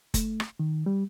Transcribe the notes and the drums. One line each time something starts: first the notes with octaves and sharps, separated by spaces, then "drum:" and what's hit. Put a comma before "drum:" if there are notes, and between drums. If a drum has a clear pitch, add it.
A3, drum: kick F#1, hi-hat
drum: rim click
D#3
G3